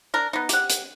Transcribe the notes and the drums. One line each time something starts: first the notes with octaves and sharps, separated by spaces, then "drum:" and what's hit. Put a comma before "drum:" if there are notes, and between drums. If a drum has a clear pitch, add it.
D4 A#4
B3 D#4
G4 F#5, drum: hi-hat
drum: hi-hat